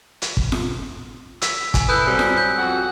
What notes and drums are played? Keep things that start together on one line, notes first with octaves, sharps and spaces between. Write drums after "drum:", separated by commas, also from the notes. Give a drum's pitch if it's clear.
drum: hi-hat
drum: kick
drum: snare F4
E6 B6, drum: hi-hat
G#5, drum: kick, hi-hat
E4 A4 B4 D#6 F#6 G6
F#3 G3 C4
drum: snare F4
G6
F2 F#4